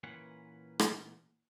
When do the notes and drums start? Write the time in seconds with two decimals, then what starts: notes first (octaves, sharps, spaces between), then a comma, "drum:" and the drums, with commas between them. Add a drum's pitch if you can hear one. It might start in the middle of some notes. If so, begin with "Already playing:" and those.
0.04 A#2 E3 A#3 C#4 B4 F#5
0.79 drum: rim click